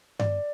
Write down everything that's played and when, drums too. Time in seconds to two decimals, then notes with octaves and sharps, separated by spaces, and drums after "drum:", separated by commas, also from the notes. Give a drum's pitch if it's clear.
0.20 D5, drum: tom G2